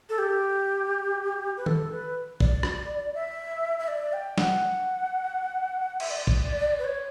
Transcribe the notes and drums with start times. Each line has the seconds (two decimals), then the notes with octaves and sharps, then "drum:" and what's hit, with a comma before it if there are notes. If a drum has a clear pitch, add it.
0.09 A4
0.18 G4
1.57 B4
1.66 A4, drum: tom D#3
1.92 B4
2.40 D5, drum: kick
2.63 drum: rim click
3.15 E5
3.79 E5
3.88 D5
4.13 G5
4.38 F#5, drum: snare
6.00 E5, drum: cymbal
6.11 D5
6.27 drum: kick
6.79 B4
6.84 C#5